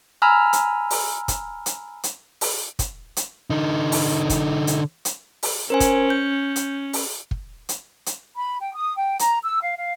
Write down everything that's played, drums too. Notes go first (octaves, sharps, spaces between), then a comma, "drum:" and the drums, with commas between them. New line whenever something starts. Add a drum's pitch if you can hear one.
G#5 A#5 B5 E6 F6
drum: hi-hat
drum: open hi-hat
drum: kick, hi-hat
drum: hi-hat
drum: hi-hat
drum: open hi-hat
drum: kick, hi-hat
drum: hi-hat
D3 D#4
drum: open hi-hat
drum: kick, hi-hat
drum: hi-hat
drum: hi-hat
drum: open hi-hat
C#4 A#4 C5 G#5
drum: kick, hi-hat
G6
drum: hi-hat
drum: open hi-hat
drum: kick
drum: hi-hat
drum: hi-hat
B5
G5
D#6
G5
A#5, drum: hi-hat
E6
F5
F5